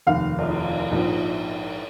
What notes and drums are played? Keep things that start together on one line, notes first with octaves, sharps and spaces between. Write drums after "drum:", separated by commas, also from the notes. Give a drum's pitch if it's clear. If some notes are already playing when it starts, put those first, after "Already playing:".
F1 D#2 D#3 F5
drum: cymbal
A#1 G#2 F3